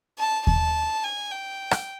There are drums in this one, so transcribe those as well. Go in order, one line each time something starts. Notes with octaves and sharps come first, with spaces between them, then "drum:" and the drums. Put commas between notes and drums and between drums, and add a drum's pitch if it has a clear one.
A5
A5, drum: kick D#2
G#5
G5
drum: rim click